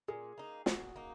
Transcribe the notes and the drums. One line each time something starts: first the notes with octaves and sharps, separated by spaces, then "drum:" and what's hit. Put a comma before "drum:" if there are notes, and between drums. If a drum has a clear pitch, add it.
A#2 G#4
A#3 D#4
A#2 F#4, drum: snare
A#3 D#4